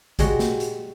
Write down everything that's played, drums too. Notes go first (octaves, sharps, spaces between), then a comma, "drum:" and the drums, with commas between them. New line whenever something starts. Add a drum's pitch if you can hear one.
G3 G#3 F#4, drum: kick G#1, hi-hat
drum: snare
drum: hi-hat